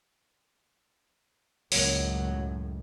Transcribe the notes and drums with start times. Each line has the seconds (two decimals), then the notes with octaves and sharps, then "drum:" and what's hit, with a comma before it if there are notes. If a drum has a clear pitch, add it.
1.72 C#2 F#2 A2 F#3 A#3, drum: open hi-hat